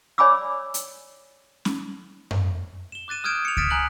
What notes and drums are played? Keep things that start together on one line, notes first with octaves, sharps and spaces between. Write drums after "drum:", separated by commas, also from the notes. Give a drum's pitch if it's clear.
C#5 D5 G#5 B5 D6 E6
drum: hi-hat
drum: snare C#4
drum: tom F#2
E7 G7
D6 F#6 A6 D#7 E7
D#6 F6 G6 G#6 D7 E7
C#7 F7
D#6 F6 A6 B6 D7 E7, drum: kick C#2
G#5 A#5 F#6 F#7